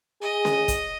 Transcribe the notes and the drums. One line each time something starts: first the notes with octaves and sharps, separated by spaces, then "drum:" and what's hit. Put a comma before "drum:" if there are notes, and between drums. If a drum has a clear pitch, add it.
G#4 D#5
drum: snare C#4
drum: kick, hi-hat